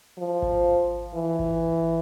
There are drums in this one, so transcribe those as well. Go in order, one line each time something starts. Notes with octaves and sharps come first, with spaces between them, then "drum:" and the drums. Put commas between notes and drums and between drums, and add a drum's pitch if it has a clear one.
F3
drum: kick G#1
E3
drum: kick G#1